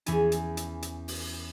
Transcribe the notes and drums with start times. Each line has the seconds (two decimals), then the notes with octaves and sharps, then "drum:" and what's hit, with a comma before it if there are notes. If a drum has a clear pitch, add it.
0.06 E2 E3 C#4 G#5, drum: hi-hat
0.32 drum: hi-hat
0.57 drum: hi-hat
0.82 drum: hi-hat
1.08 drum: open hi-hat